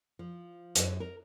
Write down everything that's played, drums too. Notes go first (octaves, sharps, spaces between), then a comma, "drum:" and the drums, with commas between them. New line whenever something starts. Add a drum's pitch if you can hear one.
F3
F#2, drum: hi-hat
A#4